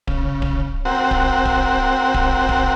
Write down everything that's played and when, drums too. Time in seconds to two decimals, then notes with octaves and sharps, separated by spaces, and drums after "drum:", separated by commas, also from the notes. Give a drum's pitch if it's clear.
0.07 C#3, drum: kick D1
0.42 drum: kick D1
0.85 C4 F#4 A#4 C5 F#5 G5
1.11 drum: kick D1
1.45 drum: kick D1
2.14 drum: kick D1
2.49 drum: kick D1